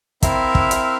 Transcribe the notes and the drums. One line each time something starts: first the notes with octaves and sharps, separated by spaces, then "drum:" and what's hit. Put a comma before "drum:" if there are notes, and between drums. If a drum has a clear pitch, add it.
C4 E4 A#4 E5 F5, drum: kick, hi-hat
drum: kick
drum: hi-hat